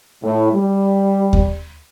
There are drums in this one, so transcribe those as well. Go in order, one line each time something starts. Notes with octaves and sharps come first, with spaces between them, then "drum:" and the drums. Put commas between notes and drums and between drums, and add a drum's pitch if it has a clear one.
A2
G3
drum: kick D#2